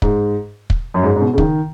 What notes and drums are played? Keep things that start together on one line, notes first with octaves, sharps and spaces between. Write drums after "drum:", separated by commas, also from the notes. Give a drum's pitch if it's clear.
G#2, drum: kick
drum: kick
F#2
G#2
G#2
B2
C#3
D#3, drum: kick